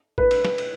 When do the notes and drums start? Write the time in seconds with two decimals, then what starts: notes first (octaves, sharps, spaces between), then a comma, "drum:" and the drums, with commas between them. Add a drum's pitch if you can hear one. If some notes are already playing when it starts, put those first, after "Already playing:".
0.18 B4, drum: kick
0.31 drum: cymbal
0.45 drum: snare
0.58 drum: cymbal